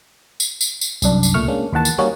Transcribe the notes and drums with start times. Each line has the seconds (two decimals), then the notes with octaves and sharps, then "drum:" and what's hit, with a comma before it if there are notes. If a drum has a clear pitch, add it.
0.40 drum: tambourine
0.61 drum: tambourine
0.81 drum: tambourine
1.02 C2 F#2 D4, drum: tambourine
1.23 drum: tambourine
1.34 C#2 A#2 A3 C#6 F6
1.48 G#3 A#3 C#4 D4
1.73 D#2 D#3 E3 F#5 A5
1.85 drum: tambourine
1.98 G3 A#3 C#4 D#4 F#4 C#5